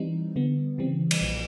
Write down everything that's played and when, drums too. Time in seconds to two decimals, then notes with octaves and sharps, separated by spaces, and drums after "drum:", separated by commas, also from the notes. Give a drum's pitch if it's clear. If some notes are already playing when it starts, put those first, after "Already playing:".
Already playing: E3 G3 C4 D#4
0.36 D3 G3 B3
0.78 C#3 E3 G3 C4
1.11 drum: cymbal
1.21 B1 A#2 F3